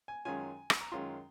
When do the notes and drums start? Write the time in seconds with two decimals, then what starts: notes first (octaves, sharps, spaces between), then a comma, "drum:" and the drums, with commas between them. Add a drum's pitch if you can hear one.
0.08 G#5
0.25 F#2 D#3 G#3 C#4 F4 G#5
0.70 drum: rim click
0.81 A#5
0.92 F#2 D#3 G#3 C#4 F4 C6